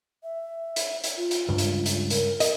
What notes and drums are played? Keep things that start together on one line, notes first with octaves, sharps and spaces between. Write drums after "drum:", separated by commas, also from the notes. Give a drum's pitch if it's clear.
E5
drum: hi-hat
drum: hi-hat
F4
drum: hi-hat
C#2 G2
drum: hi-hat
drum: hi-hat
A#4, drum: hi-hat
A#4 D#5, drum: hi-hat